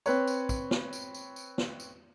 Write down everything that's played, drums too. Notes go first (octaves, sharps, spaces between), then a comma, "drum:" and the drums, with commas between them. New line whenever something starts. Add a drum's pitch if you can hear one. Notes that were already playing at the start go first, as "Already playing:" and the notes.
C4 B4 C#5, drum: tambourine
drum: tambourine
drum: kick A#1, tambourine
drum: snare
drum: tambourine
drum: tambourine
drum: tambourine
drum: snare
drum: tambourine